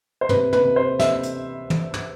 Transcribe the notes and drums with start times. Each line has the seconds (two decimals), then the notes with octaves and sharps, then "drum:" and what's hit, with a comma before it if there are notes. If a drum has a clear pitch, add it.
0.21 C5
0.29 C3 B4, drum: tom
0.53 B4, drum: tom
0.64 C3
0.76 C5
0.99 C3 E5, drum: snare
1.23 drum: hi-hat
1.70 drum: tom
1.94 drum: tom